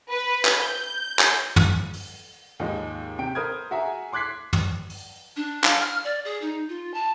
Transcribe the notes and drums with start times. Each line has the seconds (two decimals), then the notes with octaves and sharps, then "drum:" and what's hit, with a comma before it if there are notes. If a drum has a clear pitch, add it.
0.11 B4
0.45 drum: clap
0.62 G6
1.19 drum: clap
1.56 drum: tom
1.93 drum: open hi-hat
2.60 D#2 G#2 F3 G#3
3.19 C3 G5 D7
3.35 A#4 C5 B5 D#6 F6 G#6
3.71 F#4 G#4 E5 G#5 A#5
4.13 C6 D6 F#6 G#6 B6 C7
4.53 drum: tom
4.90 drum: open hi-hat
5.36 D4
5.64 F5, drum: clap
5.80 F6
6.04 D5
6.24 G#4
6.41 D#4
6.68 F4
6.94 A5